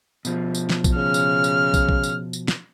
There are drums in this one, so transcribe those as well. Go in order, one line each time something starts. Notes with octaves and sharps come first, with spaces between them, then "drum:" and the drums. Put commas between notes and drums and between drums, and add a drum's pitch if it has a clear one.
B2 F3, drum: tambourine
drum: tambourine
drum: snare
drum: kick, tambourine
C#3 F6
drum: tambourine
drum: tambourine
drum: kick, tambourine
drum: kick
drum: tambourine
drum: tambourine
drum: snare